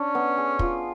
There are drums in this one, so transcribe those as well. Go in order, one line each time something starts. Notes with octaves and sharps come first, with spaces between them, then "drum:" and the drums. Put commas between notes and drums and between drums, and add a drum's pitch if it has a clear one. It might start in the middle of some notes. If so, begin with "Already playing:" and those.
Already playing: C#4 D4
B3
G#4
F4, drum: kick